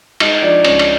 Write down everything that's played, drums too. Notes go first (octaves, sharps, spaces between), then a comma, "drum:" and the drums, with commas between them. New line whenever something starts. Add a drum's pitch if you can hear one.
G#3 D#4 D#5, drum: cymbal
F3 D4 D5
C#2 C#4 C#5, drum: cymbal
drum: cymbal